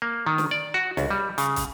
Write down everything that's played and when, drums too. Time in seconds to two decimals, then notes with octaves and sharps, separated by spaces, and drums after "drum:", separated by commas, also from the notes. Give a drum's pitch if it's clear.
0.02 A#3
0.26 D#3
0.38 drum: snare
0.51 D5
0.74 F#4
0.97 C#2, drum: snare
1.10 G3
1.38 C#3, drum: hi-hat
1.56 drum: kick, hi-hat